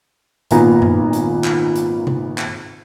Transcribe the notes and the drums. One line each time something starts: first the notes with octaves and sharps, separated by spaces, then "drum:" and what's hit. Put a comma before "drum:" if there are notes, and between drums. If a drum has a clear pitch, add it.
G#1 A#2 A#3 B3 G#5 A#5, drum: hi-hat
drum: tom F#2
drum: hi-hat
drum: clap
drum: hi-hat
drum: tom C3
drum: clap